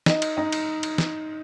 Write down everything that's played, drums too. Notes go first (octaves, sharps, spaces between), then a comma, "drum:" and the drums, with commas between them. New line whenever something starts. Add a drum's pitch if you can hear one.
D#4 D#5, drum: snare
drum: cymbal
D#4 D#5
drum: cymbal
drum: cymbal
drum: snare